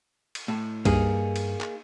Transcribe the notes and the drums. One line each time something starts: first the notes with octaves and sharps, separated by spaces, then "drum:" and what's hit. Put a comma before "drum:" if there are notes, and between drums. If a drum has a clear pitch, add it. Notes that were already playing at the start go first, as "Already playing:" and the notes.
drum: cymbal
A2
G2 A#3 D#4 G#4, drum: kick C#2, cymbal
drum: cymbal
drum: clap